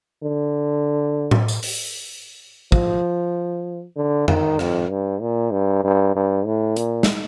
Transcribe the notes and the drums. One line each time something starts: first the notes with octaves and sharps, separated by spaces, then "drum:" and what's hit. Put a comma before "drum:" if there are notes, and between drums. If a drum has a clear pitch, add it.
D3
drum: tom A2
drum: tambourine
drum: open hi-hat
F3, drum: kick
D3
D#3, drum: tom F2
F2, drum: rim click
G2
A#2
G2
G2
G2
A2
A#2, drum: hi-hat
drum: snare